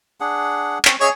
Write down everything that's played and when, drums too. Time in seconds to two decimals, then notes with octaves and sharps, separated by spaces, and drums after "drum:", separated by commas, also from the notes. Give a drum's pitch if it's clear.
0.21 D4 G#4 F#5
0.85 C4 C#4, drum: clap
1.01 C#4 G#4 C#5 D#5 E5